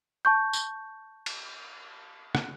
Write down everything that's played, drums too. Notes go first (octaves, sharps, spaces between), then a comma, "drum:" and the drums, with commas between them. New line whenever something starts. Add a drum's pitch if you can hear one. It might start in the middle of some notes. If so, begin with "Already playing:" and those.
A5 C#6 G6
drum: tambourine
drum: cymbal
drum: rim click